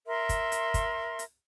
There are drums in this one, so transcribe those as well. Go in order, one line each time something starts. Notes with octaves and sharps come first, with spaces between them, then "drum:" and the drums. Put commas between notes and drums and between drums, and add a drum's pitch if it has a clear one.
A#4 E5 C6
drum: kick, hi-hat
drum: hi-hat
drum: kick, hi-hat
drum: hi-hat